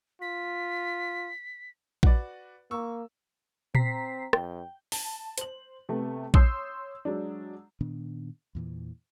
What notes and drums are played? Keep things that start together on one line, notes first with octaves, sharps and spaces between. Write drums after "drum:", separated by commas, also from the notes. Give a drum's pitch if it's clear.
F4 B6
F#4 B4 D5, drum: kick A#1
A#3 C#6 E6
C4 A#5 B6 C7, drum: tom A#2
F2 G5, drum: rim click
A5, drum: open hi-hat
C5 F#7, drum: hi-hat
C3 A3 B3
C#5 C6 D#6 E6 G6 C7, drum: kick A#1
F#3 G#3 D4
A#2 D#3 B3 D4
E2 A#2 E3